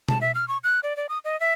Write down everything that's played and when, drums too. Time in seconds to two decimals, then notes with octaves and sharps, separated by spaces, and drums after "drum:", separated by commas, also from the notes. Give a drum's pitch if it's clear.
0.08 A5, drum: tom B2
0.21 E5
0.35 F6
0.48 C#6
0.64 F#6
0.83 D5
0.97 D5
1.09 D#6
1.25 D#5
1.40 E5